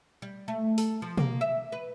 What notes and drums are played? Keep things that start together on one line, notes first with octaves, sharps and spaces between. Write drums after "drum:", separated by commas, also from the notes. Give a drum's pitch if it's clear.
G3
A3
A4, drum: open hi-hat
F3
A#3, drum: tom B2
E5
B4